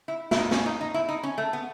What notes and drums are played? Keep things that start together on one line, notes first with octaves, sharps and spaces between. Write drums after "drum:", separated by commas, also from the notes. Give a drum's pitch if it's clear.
E4
E4, drum: snare
D#4
C#4, drum: snare
D#4
D#4
E4
D#4
C#4
A3
B3